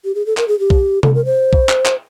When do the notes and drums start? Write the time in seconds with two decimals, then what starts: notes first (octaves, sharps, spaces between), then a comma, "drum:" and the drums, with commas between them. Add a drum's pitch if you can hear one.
0.05 G4
0.15 G#4
0.26 A4
0.37 A#4, drum: clap
0.48 G#4
0.59 G4
0.70 drum: kick B1
1.03 A4, drum: tom C3
1.15 A#4
1.25 C5
1.53 drum: kick B1
1.69 drum: clap
1.86 drum: clap